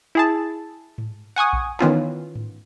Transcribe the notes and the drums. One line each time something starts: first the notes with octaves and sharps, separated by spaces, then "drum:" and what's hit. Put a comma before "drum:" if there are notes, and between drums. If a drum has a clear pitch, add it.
E4 G#4 A5
drum: tom G#2
F#5 G#5 C#6 D#6
drum: kick A#1
D#3 E3 B3 C#4 F4, drum: clap
drum: tom G#2